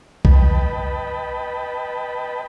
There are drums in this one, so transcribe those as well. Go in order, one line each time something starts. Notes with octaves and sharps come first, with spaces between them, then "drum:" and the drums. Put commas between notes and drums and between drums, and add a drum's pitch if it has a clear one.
B4 D#5 G5 A5 B5, drum: kick